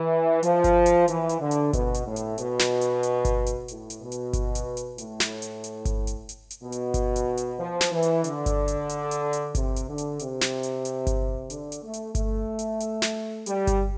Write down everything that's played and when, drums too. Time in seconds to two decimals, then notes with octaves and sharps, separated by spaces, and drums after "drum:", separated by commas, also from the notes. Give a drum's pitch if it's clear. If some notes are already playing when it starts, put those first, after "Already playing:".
Already playing: E3
0.43 F3, drum: hi-hat
0.64 drum: kick G1, hi-hat
0.86 drum: hi-hat
1.08 E3, drum: hi-hat
1.29 drum: hi-hat
1.40 D3
1.51 drum: hi-hat
1.73 B2, drum: kick G1, hi-hat
1.94 drum: hi-hat
2.05 A2
2.16 drum: hi-hat
2.38 B2, drum: hi-hat
2.60 drum: snare
2.81 drum: hi-hat
3.03 drum: hi-hat
3.25 drum: kick G1, hi-hat
3.46 drum: hi-hat
3.68 A2, drum: hi-hat
3.90 drum: hi-hat
4.01 B2
4.12 drum: hi-hat
4.33 drum: kick G1, hi-hat
4.55 drum: hi-hat
4.77 drum: hi-hat
4.98 A2, drum: hi-hat
5.20 drum: snare
5.42 drum: hi-hat
5.64 drum: hi-hat
5.85 drum: kick G1, hi-hat
6.07 drum: hi-hat
6.29 drum: hi-hat
6.51 drum: hi-hat
6.61 B2
6.72 drum: hi-hat
6.94 drum: kick G1, hi-hat
7.16 drum: hi-hat
7.37 drum: hi-hat
7.59 F3
7.81 drum: snare
7.92 E3
8.03 drum: hi-hat
8.24 D3, drum: hi-hat
8.46 drum: kick G1, hi-hat
8.68 drum: hi-hat
8.89 drum: hi-hat
9.11 drum: hi-hat
9.33 drum: hi-hat
9.55 C3, drum: kick G1, hi-hat
9.76 drum: hi-hat
9.88 D3
9.98 drum: hi-hat
10.19 C3, drum: hi-hat
10.41 drum: snare
10.63 drum: hi-hat
10.85 drum: hi-hat
11.07 drum: kick G1, hi-hat
11.50 D3, drum: hi-hat
11.72 drum: hi-hat
11.83 A3
11.94 drum: hi-hat
12.15 A3, drum: kick G1, hi-hat
12.59 drum: hi-hat
12.80 drum: hi-hat
13.02 drum: snare
13.46 G3, drum: hi-hat
13.67 drum: kick G1, hi-hat